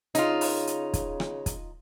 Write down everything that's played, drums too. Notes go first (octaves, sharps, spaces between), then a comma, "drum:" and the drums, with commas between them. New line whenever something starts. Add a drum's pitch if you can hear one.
C#3 D#4 F4, drum: hi-hat
drum: open hi-hat
drum: hi-hat
drum: kick, hi-hat
drum: rim click
drum: kick, hi-hat